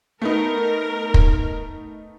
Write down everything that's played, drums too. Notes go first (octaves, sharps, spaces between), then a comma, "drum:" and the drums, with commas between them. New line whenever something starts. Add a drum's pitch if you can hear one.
A3 B3 D#4 A#4
drum: kick